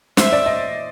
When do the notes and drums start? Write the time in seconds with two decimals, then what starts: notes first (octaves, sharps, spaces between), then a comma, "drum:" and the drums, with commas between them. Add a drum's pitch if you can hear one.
0.17 C5 E5, drum: snare
0.32 D5
0.46 D#5